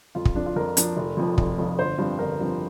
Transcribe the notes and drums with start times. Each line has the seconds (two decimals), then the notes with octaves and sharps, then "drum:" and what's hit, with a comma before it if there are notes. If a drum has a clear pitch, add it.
0.15 F2 F4
0.25 drum: kick
0.35 F3 D4
0.46 F4
0.56 F2 A#4
0.77 F3 D4, drum: hi-hat
0.96 F1
1.17 F2 F3
1.38 F1, drum: kick
1.58 F2 F3
1.79 G1 C5
1.98 G2 F3 C4
2.19 G1 A#4
2.40 G2 F3 C4